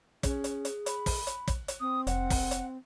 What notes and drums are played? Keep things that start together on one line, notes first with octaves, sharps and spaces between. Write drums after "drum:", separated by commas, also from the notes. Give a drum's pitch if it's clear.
C#4 G#4, drum: kick, hi-hat
drum: hi-hat
drum: hi-hat
B5, drum: hi-hat
drum: kick, open hi-hat
drum: hi-hat
drum: kick, hi-hat
drum: hi-hat
C4 D#6
F1 F#5, drum: hi-hat
drum: kick, open hi-hat
drum: hi-hat